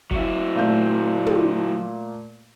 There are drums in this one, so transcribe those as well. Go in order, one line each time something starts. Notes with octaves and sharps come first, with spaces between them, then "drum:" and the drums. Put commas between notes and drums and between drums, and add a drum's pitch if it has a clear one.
F#3 E4, drum: kick F1
A#2 A3 G6
drum: tom